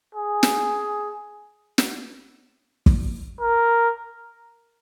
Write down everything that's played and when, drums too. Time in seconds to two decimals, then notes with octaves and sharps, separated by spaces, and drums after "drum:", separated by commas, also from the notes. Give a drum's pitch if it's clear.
0.15 G#4
0.43 drum: snare
1.78 drum: snare
2.86 drum: kick
3.41 A#4